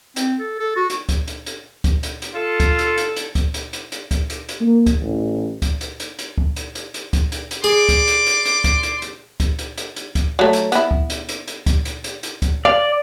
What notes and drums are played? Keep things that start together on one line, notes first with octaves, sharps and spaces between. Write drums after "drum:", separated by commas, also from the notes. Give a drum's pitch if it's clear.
C4, drum: hi-hat
A4
A4
F#4
drum: hi-hat
drum: kick, hi-hat
drum: hi-hat
drum: hi-hat
drum: kick, hi-hat
drum: hi-hat
drum: hi-hat
F4 A4
drum: kick, hi-hat
drum: hi-hat
drum: hi-hat
drum: hi-hat
drum: kick, hi-hat
drum: hi-hat
drum: hi-hat
drum: hi-hat
drum: kick, hi-hat
drum: hi-hat
drum: hi-hat
A#3
drum: kick, hi-hat
A1
drum: kick, hi-hat
drum: hi-hat
drum: hi-hat
drum: hi-hat
drum: kick
drum: hi-hat
drum: hi-hat
drum: hi-hat
drum: kick, hi-hat
drum: hi-hat
drum: hi-hat
G#4 D5 C6 D6
drum: kick, hi-hat
drum: hi-hat
drum: hi-hat
drum: hi-hat
drum: kick, hi-hat
drum: hi-hat
drum: hi-hat
drum: kick, hi-hat
drum: hi-hat
drum: hi-hat
drum: hi-hat
drum: kick, hi-hat
F#3 A3
drum: hi-hat
B3 E4, drum: hi-hat
drum: kick
drum: hi-hat
drum: hi-hat
drum: hi-hat
drum: kick, hi-hat
drum: hi-hat
drum: hi-hat
drum: hi-hat
drum: kick, hi-hat
D5 F5